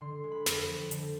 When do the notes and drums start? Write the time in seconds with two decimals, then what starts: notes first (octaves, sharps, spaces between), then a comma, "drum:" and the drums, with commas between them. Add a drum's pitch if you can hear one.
0.01 D3 C6
0.24 G#3
0.32 B5
0.46 F2, drum: snare
0.69 F3
0.91 D3 A5, drum: hi-hat